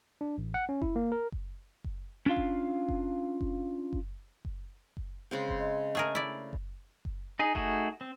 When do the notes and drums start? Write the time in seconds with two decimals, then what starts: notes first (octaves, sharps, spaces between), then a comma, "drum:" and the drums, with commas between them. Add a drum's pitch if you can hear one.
0.21 D4
0.38 A1
0.54 F#5
0.69 C#4
0.82 E4, drum: kick F#1
0.96 A#3
1.12 A#4
1.32 drum: kick F#1
1.84 drum: kick F#1
2.26 C#4 D4 F4 F5
2.36 drum: kick F#1
2.89 drum: kick F#1
3.41 drum: kick F#1
3.93 drum: kick F#1
4.45 drum: kick F#1
4.97 drum: kick F#1
5.31 C#3 G#3 C4
5.49 drum: kick F#1
5.59 D#5
5.95 A3 G#4 A#4
6.15 E4 D5
6.53 drum: kick F#1
7.05 drum: kick F#1
7.39 D#4 G#4
7.55 A3 D#4 F#4 G#4, drum: kick F#1
8.01 C4